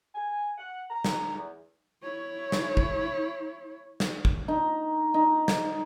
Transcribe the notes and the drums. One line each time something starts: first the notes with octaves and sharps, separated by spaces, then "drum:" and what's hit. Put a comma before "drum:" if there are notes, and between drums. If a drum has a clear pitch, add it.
G#5
F#5
A#5
drum: snare
E2
E4 C#5
drum: snare
drum: kick
drum: snare
drum: kick
D#4
D#4
drum: snare